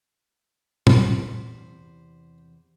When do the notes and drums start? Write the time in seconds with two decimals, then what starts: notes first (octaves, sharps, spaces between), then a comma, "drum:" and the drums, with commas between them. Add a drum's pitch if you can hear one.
0.87 E2 C3 C5 F#5 B5, drum: tom